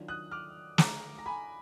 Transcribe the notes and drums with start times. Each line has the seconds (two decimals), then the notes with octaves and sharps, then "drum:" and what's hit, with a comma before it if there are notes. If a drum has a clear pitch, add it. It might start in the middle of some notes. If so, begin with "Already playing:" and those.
Already playing: D#3 F#3 D4 F4
0.08 D#6 F#6
0.31 D6 F6
0.78 A#5 D6, drum: snare
1.19 A#5
1.26 G#5 B5